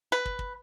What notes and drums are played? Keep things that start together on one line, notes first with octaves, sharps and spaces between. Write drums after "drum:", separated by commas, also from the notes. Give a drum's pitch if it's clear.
B4
drum: kick
drum: kick